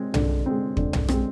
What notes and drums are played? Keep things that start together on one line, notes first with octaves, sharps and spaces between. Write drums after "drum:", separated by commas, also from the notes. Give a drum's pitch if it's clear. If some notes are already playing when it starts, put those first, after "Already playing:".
Already playing: G#3 C4
D3, drum: tom B1
G#3 C4
D3, drum: kick
drum: tom B1
G#3 C4, drum: rim click